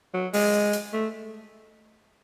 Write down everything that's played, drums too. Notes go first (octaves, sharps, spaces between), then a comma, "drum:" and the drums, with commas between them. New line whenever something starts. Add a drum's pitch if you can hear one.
F#3
G#3, drum: open hi-hat
drum: hi-hat
A3